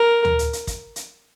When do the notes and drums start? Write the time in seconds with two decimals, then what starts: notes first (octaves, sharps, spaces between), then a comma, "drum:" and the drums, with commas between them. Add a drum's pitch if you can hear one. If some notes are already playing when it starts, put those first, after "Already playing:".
Already playing: A#4
0.25 drum: tom
0.39 drum: hi-hat
0.53 drum: hi-hat
0.67 drum: kick, hi-hat
0.96 drum: hi-hat